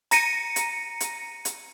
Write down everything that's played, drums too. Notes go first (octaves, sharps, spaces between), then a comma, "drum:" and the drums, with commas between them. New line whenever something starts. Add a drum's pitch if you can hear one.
A#5 A#6 C#7 D#7, drum: hi-hat
drum: hi-hat
drum: hi-hat
drum: hi-hat